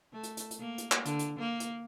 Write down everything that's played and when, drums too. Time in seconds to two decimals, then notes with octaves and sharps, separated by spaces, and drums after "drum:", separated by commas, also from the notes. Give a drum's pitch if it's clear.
0.13 A3
0.23 drum: hi-hat
0.37 drum: hi-hat
0.51 drum: hi-hat
0.60 A#3
0.78 drum: hi-hat
0.92 drum: clap
1.05 D3, drum: hi-hat
1.19 drum: hi-hat
1.39 A#3
1.60 drum: hi-hat